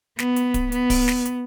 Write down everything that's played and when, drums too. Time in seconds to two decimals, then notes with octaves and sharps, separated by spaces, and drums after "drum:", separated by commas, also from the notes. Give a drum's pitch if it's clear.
0.19 B3, drum: snare
0.36 drum: hi-hat
0.54 drum: kick D1, hi-hat
0.72 B3, drum: hi-hat
0.90 drum: kick D1, open hi-hat
1.08 drum: snare
1.25 drum: hi-hat